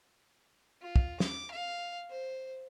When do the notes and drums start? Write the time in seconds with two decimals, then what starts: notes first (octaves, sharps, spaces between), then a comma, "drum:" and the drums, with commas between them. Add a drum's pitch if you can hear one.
0.82 F4
0.96 drum: kick
1.20 D6, drum: snare
1.51 F5
2.10 C5